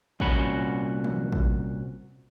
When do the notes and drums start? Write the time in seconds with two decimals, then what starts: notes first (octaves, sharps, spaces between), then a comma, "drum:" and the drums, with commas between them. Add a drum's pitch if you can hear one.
0.20 C2 A#2 C#4 F#4 F#5 B5, drum: kick A1
1.04 drum: tom
1.32 drum: kick A1